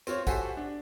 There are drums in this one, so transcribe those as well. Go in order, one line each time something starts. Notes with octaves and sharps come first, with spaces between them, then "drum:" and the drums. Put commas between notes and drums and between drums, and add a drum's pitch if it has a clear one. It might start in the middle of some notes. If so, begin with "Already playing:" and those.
C4 F4 C#5, drum: tambourine
F#4 G4 A4 C5 E5 G#5, drum: kick, tambourine
D4